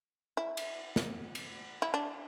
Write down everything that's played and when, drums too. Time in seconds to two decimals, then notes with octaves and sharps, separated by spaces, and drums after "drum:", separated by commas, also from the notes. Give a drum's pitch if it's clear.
0.37 E4
0.57 drum: cymbal
0.96 drum: snare
1.35 drum: cymbal
1.82 E4
1.94 D4